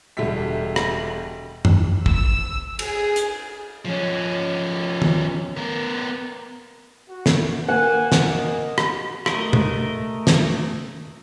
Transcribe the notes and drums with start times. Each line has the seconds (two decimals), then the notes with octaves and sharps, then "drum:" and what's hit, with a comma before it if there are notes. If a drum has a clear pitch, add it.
0.17 E1 D3 G3 G4 E5 B6
0.76 drum: rim click
1.65 drum: tom F#2
2.06 E6, drum: kick
2.79 G#4, drum: cymbal
3.16 drum: hi-hat
3.85 F3 C#4
5.02 drum: tom
5.57 B3 A#4
7.09 F#4
7.26 drum: snare
7.68 A#3 F#5 G#5
8.12 drum: snare
8.31 D#5
8.78 drum: rim click
9.26 A3 A#4 D#5, drum: rim click
9.53 drum: tom
10.27 drum: snare